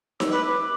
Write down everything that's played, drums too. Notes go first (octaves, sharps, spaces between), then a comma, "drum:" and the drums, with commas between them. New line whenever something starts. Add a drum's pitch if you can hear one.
E6, drum: snare D#4
B4 D6